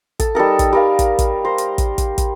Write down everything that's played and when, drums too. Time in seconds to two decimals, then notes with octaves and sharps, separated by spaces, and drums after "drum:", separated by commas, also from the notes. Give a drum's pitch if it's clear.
0.19 A4, drum: kick, hi-hat
0.35 G3 D#4 A4 A#4
0.59 drum: kick, hi-hat
0.73 G3 A#4 F5
0.99 drum: kick, hi-hat
1.19 drum: kick, hi-hat
1.45 A#4 C5
1.58 drum: hi-hat
1.78 drum: kick, hi-hat
1.98 drum: kick, hi-hat
2.18 drum: kick, hi-hat